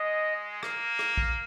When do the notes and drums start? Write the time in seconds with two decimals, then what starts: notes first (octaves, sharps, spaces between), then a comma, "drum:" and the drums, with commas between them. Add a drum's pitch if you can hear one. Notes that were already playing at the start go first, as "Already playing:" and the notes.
Already playing: G#3 D#5
0.63 A#3, drum: rim click
0.99 drum: rim click
1.17 drum: kick A#1